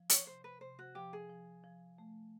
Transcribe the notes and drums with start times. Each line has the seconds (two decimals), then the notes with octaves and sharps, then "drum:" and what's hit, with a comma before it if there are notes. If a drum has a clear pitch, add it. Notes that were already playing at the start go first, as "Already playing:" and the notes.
Already playing: F3
0.10 C#5, drum: hi-hat
0.27 C3 C5
0.44 B4
0.61 C3 C5
0.79 F#4
0.95 F3 G4
1.13 G#4
1.29 F3
1.64 F3
1.98 A3